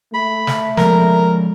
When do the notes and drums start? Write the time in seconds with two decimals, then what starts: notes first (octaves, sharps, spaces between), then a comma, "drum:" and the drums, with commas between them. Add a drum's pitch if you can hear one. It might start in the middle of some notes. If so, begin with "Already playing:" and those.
0.14 A3 B5
0.47 drum: snare
0.77 F3 G#3 A#4, drum: snare